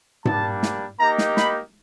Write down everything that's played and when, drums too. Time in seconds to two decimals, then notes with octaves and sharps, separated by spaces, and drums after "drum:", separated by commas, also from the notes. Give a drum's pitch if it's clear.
0.25 G3 A#3 D4 A5, drum: tom G#2
0.63 drum: snare
1.00 A#3 D#4 G4 A#5
1.18 drum: snare
1.37 B5, drum: snare